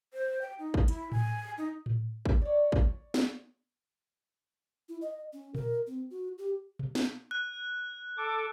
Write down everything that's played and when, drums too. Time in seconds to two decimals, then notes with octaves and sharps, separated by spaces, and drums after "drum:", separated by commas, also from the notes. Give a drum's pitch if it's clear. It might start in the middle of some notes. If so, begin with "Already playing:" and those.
0.13 C5
0.42 G5
0.59 D#4
0.74 drum: kick
0.88 E4, drum: hi-hat
1.12 G#5, drum: tom A2
1.58 D#4
1.86 drum: tom A2
2.26 drum: kick
2.42 C#5 D5
2.72 drum: kick
3.14 drum: snare
4.89 E4
5.02 D#5
5.33 C#4
5.55 A#4, drum: tom A#2
5.87 C4
6.11 F#4
6.38 G4
6.79 drum: tom B2
6.95 drum: snare
7.31 F#6
8.17 A4 D6